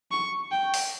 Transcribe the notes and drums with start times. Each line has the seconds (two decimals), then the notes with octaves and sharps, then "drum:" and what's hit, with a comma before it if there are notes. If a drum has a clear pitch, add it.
0.11 C#6
0.51 G5
0.74 drum: open hi-hat